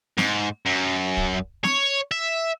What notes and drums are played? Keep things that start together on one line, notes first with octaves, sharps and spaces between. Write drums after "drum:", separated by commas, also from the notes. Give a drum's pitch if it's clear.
G#2, drum: snare
F#2
drum: kick
C#5, drum: snare
E5